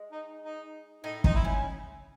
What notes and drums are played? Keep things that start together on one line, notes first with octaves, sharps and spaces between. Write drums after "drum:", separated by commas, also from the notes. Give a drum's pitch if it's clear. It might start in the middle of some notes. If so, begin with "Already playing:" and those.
Already playing: G#3
D#4
D#4
A2 A3 D#4
C3 C4 D#4, drum: kick
E4
C#3 C#4